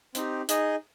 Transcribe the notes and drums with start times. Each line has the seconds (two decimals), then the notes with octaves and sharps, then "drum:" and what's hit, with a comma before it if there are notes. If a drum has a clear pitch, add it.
0.15 C4 D#4 G4, drum: hi-hat
0.49 D#4 G#4 D#5, drum: hi-hat